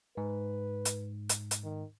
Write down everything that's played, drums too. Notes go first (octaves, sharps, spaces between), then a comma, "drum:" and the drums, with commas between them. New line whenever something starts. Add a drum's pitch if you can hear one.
G#2 B4
drum: hi-hat
drum: hi-hat
drum: hi-hat
D#3